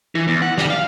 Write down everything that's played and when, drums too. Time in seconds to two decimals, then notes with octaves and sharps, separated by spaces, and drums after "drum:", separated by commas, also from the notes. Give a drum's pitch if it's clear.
0.15 E3
0.28 E2
0.42 F#5
0.58 G3, drum: snare
0.70 F5